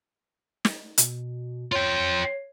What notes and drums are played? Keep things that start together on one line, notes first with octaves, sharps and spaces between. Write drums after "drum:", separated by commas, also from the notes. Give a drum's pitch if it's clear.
drum: snare
B2, drum: hi-hat
F4 C#5 G5